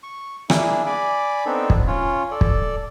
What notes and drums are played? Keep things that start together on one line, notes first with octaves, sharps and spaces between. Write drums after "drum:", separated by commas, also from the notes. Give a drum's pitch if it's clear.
C#6
A#3 D4 E4 G#4, drum: rim click
D5 G#5 B5 D6
B3 C4 D4 D#4 A4
drum: kick
C#4 F4 C#5
A4 D5
drum: kick